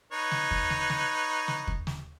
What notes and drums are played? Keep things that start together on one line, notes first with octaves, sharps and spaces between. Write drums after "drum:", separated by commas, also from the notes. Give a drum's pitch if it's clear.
D#4 B4 C#5
drum: snare
drum: kick
drum: snare
drum: snare
drum: snare
drum: kick
drum: snare